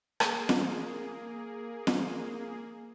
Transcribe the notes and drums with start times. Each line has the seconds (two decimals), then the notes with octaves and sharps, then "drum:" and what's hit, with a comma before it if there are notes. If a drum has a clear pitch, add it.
0.20 A#3 G#4, drum: rim click
0.49 drum: snare
1.87 drum: snare